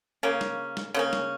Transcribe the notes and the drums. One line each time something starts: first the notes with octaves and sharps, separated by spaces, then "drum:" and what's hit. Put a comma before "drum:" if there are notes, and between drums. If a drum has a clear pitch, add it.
C#3 A#3 C#4
drum: snare
drum: snare
C#3 A#3 C#4
drum: snare